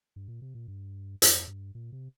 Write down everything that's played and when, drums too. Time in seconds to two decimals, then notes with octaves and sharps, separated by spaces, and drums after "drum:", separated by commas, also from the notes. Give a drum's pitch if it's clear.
0.16 G2
0.28 A#2
0.42 C3
0.55 A#2
0.68 G2
1.22 F2, drum: hi-hat
1.47 G2
1.75 A#2
1.92 C3